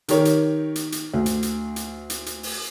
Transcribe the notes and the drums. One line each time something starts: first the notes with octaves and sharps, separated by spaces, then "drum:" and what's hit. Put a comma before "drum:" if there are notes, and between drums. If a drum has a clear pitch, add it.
D#3 D#4 G4 A#4 C#5, drum: hi-hat
drum: hi-hat
drum: hi-hat
drum: hi-hat
D2
drum: hi-hat
drum: hi-hat
drum: hi-hat
drum: hi-hat
drum: hi-hat
drum: open hi-hat